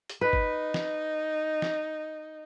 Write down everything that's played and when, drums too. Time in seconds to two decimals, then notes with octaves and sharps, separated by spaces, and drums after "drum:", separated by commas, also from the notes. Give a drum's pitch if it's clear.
0.10 drum: hi-hat
0.21 D#4 B4
0.33 drum: kick G1
0.74 drum: snare
1.62 drum: snare